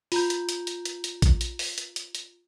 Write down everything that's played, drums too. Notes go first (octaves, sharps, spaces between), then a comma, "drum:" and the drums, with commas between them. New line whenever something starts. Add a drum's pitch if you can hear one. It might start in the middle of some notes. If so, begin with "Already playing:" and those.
F4 A#5 G6, drum: open hi-hat
drum: hi-hat
drum: hi-hat
drum: hi-hat
drum: hi-hat
drum: hi-hat
drum: kick A#1, hi-hat
drum: hi-hat
drum: open hi-hat
drum: hi-hat
drum: hi-hat
drum: hi-hat